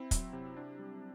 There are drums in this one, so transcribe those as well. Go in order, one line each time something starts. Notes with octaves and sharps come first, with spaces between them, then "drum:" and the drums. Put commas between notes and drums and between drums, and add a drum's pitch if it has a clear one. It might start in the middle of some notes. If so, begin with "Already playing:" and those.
Already playing: C4 E4
F#3, drum: kick, hi-hat
C3
D4
G3